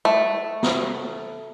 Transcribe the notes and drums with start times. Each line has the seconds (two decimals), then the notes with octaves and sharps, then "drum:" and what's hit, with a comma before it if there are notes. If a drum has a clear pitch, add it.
0.05 A3
0.63 drum: snare